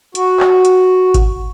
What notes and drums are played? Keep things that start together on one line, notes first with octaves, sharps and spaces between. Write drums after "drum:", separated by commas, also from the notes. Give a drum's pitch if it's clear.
F#4, drum: hi-hat
drum: clap
drum: hi-hat
drum: kick G#1, hi-hat